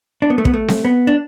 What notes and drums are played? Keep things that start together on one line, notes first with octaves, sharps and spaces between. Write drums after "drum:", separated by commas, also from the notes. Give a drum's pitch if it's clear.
D4
B3
A3
B3, drum: kick
A3
drum: snare C4
B3
D4